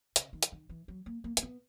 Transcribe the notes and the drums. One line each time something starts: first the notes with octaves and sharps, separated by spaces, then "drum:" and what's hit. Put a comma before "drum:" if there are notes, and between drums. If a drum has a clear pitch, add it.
C#3, drum: hi-hat
D#3
drum: hi-hat
D#3
E3
F#3
A#3
A#3
A#3, drum: hi-hat
B3